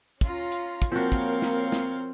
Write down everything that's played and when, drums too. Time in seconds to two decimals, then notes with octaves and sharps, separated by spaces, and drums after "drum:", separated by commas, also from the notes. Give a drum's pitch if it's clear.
0.21 C#4 F4 A#5, drum: kick, hi-hat
0.51 drum: hi-hat
0.82 drum: kick, hi-hat
0.92 F3 A#3 C4 F#4 A#4 C#5 F5
1.12 drum: kick, hi-hat
1.42 drum: snare
1.72 drum: snare